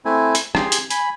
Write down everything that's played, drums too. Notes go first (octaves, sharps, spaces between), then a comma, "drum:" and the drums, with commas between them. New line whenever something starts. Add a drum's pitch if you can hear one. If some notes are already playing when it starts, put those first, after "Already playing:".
A3 C4 E4 G#5
drum: hi-hat
G4 G#4 G#5 C6, drum: rim click
drum: hi-hat
G#5 B5, drum: hi-hat